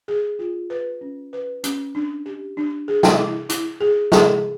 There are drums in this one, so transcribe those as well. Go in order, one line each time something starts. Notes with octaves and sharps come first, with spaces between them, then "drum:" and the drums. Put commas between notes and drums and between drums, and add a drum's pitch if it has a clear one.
G#4
F4
B4
C#4
B4
C#4, drum: hi-hat
D4
G4
D4
G#4
drum: snare
E4
E4, drum: hi-hat
G#4
G#4, drum: snare